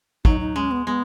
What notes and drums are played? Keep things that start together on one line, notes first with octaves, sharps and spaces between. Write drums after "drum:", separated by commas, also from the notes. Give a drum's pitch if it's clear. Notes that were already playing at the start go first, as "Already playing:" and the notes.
F#3 D#4, drum: kick
D#4
G#3 C#4
B3
G#3 B3